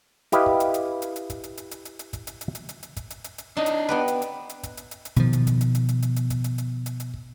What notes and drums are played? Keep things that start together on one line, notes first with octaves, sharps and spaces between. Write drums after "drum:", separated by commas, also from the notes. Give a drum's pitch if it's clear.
E4 G4 B4 D#5 F5, drum: hi-hat
drum: kick
drum: hi-hat
drum: hi-hat
drum: hi-hat
drum: hi-hat
drum: kick, hi-hat
drum: hi-hat
drum: hi-hat
drum: hi-hat
drum: hi-hat
drum: hi-hat
drum: kick, hi-hat
drum: hi-hat
drum: hi-hat
drum: hi-hat
drum: hi-hat
drum: hi-hat
drum: kick, hi-hat
drum: hi-hat
drum: hi-hat
drum: hi-hat
D4 D#4 D#5
drum: hi-hat
B3 G4 B4
drum: hi-hat
drum: hi-hat
drum: hi-hat
drum: kick, hi-hat
drum: hi-hat
drum: hi-hat
drum: hi-hat
B2 D#3 F3, drum: hi-hat
drum: hi-hat
drum: kick, hi-hat
drum: hi-hat
drum: hi-hat
drum: hi-hat
drum: hi-hat
drum: hi-hat
drum: kick, hi-hat
drum: hi-hat
drum: hi-hat
drum: hi-hat
drum: hi-hat
drum: kick